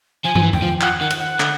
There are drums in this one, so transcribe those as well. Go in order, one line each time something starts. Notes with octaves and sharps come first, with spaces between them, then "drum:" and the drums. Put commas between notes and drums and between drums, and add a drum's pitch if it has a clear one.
F3 G#5
F3, drum: tom
E3
G5, drum: tom E2
F3
F3 F#5, drum: clap
D#3 F#5
drum: cymbal
F#5
D3, drum: clap